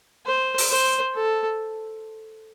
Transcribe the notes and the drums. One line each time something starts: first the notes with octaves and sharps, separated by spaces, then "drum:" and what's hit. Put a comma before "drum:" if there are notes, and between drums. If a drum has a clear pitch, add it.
C5
drum: open hi-hat
C5
A4